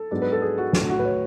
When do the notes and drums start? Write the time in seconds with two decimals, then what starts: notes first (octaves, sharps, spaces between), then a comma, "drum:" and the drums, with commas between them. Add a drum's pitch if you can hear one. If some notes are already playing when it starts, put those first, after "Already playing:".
Already playing: A4
0.11 G#2 F#3 B3 D4
0.22 B4
0.32 A4
0.42 G#4
0.58 F#4
0.73 A2 F#3 A3 F#4, drum: snare
0.89 F#4
0.99 B4
1.05 C#5